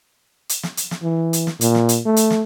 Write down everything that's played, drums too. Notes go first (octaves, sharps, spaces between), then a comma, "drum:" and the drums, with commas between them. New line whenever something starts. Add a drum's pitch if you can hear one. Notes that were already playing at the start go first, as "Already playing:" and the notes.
drum: hi-hat
drum: snare
drum: hi-hat
drum: snare
E3
drum: hi-hat
drum: snare
A#2, drum: hi-hat
drum: snare
drum: hi-hat
A3
drum: hi-hat
drum: snare